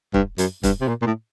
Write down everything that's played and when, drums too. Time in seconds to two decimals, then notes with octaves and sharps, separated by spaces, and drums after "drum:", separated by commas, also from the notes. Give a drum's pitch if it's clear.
0.14 G2, drum: kick
0.38 F#2, drum: hi-hat
0.63 G2, drum: kick, hi-hat
0.81 C3
0.88 A#2
1.02 A#2
1.06 A2